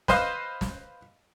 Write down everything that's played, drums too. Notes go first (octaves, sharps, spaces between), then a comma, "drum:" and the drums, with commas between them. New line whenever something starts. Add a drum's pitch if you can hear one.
B4 C5 D#5 F5, drum: snare
drum: snare